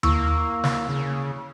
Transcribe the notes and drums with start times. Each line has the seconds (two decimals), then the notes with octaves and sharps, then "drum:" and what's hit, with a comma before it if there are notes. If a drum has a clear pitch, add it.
0.03 A#3 E4 C#6 E6, drum: tom D#2
0.64 drum: snare
0.89 C#3